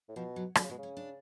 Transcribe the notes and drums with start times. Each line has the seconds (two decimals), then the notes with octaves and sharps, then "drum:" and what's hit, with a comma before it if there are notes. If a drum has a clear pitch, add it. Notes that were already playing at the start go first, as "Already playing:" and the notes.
0.09 A2
0.16 B2 F3
0.36 F#3
0.55 D3 F#3, drum: rim click
0.64 C#3
0.70 B2 G#3
0.78 C#3 C#4
0.97 D4